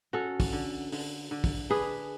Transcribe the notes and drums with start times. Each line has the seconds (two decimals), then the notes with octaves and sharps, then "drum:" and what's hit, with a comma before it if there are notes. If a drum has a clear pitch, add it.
0.13 C#4 F#4 A4
0.40 drum: kick, open hi-hat
0.53 D3
0.92 D3, drum: open hi-hat
1.31 D3
1.44 drum: kick, open hi-hat
1.70 D4 G#4 B4